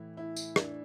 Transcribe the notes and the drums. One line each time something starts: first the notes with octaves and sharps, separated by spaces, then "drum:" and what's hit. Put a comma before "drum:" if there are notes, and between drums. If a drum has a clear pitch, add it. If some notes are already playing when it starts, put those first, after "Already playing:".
Already playing: A2 E3 E4
E4
drum: tambourine
D4, drum: rim click